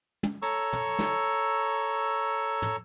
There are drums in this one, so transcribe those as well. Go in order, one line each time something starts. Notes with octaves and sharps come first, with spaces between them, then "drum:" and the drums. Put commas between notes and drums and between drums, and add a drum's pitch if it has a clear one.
drum: tom
A4 C#5 A#5 C#6 E6, drum: hi-hat
drum: tom
drum: snare
drum: tom